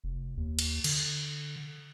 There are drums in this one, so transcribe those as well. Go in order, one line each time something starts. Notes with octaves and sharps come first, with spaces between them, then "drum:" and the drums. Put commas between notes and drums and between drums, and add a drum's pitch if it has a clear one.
F1
D#2
drum: cymbal
D3, drum: cymbal